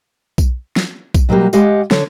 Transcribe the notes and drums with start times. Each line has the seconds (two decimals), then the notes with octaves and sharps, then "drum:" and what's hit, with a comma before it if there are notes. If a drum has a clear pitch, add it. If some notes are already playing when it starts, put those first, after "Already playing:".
0.38 drum: kick B1, tambourine
0.76 drum: snare
1.14 drum: kick B1, tambourine
1.29 B2 F#3 G3 A#3 G4
1.53 G#3 G4 D#5 F5 F#5, drum: tambourine
1.91 D3 C#5, drum: snare